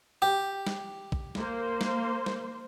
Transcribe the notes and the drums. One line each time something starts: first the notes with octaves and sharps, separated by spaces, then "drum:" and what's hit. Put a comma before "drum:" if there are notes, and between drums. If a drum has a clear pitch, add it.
G4
drum: snare
drum: kick
A#3 C5, drum: snare
drum: snare
drum: snare